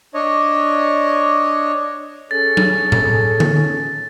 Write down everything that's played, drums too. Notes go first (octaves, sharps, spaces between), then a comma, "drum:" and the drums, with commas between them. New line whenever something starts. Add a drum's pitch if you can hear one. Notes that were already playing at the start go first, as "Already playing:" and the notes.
D4 C#5 D#5
C#4 G#4 A4 A6
drum: tom F#3
drum: tom A2
drum: tom D3